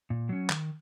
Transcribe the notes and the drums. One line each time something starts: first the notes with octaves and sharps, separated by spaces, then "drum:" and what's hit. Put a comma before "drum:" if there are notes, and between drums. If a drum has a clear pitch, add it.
A#2
F#3 C#4
D#3, drum: clap